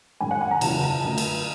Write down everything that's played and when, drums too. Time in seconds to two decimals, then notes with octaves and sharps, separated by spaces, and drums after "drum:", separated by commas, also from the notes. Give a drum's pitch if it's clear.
0.21 F#2 D#3 G#3 G#5
0.31 F#5
0.41 G#5
0.51 A#5
0.61 F#1 E2 C#3 F#3 A5, drum: cymbal
0.83 A#5
1.04 F#2 D3 F#3 A3 A#5
1.18 drum: cymbal